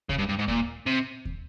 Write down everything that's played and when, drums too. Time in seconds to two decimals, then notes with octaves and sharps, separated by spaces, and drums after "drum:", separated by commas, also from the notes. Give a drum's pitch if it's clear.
0.09 C#3, drum: kick D#2
0.18 G2
0.29 G2
0.39 G#2
0.48 A#2, drum: kick D#2
0.86 C3
1.25 drum: kick D#2